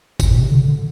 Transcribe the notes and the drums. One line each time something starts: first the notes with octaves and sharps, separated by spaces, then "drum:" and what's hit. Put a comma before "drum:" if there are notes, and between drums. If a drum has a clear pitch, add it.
F2, drum: kick G1, tambourine
A2
B2
C3
D3
D3